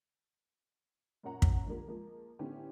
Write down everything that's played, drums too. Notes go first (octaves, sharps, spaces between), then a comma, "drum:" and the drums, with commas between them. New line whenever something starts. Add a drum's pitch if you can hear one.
F#2 A#2 A#4 C#5 F#5 A#5
drum: kick
D3 F3 G3 A#3
F3 G#3 A#3
A2 D3 B3 C#4 G4